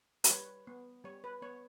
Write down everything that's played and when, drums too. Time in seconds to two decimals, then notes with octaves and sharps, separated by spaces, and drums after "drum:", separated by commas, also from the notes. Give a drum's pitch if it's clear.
0.24 B4, drum: hi-hat
0.30 G3 C#5
0.67 B3
1.04 G3 C#5
1.24 B4
1.42 B3 C#5